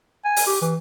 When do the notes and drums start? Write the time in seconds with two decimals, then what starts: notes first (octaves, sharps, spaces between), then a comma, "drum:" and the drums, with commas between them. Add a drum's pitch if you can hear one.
0.25 G#5
0.36 drum: open hi-hat
0.47 G4
0.61 E3